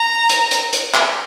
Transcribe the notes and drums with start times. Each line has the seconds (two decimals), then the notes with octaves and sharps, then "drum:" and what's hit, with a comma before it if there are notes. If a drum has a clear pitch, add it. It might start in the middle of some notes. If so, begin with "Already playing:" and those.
Already playing: A#5
0.29 drum: hi-hat
0.51 drum: hi-hat
0.73 drum: hi-hat
0.94 drum: clap